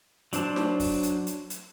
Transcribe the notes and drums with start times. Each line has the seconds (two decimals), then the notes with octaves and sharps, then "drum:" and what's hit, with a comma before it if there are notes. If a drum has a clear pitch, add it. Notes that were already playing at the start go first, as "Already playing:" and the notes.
0.33 F#3 D4 C5 A5, drum: hi-hat
0.56 drum: snare
0.80 drum: kick, open hi-hat
1.03 drum: hi-hat
1.27 drum: hi-hat
1.50 drum: hi-hat